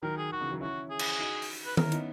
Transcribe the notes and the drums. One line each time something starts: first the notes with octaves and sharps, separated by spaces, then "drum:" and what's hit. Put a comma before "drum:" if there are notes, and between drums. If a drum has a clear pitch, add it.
D#3 F#3 A#4
G#4
D#3 F#4
C#3 E3
D#3 F#3
C#4 E4 F#4
G#4
drum: cymbal
D#4 F#4
drum: open hi-hat
B4
C#4 E4 A#4, drum: tom D#3
B3 D#4, drum: hi-hat